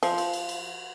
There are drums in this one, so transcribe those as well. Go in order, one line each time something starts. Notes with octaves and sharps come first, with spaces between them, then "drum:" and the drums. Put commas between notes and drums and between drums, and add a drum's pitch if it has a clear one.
F3, drum: cymbal
drum: cymbal
drum: cymbal
drum: cymbal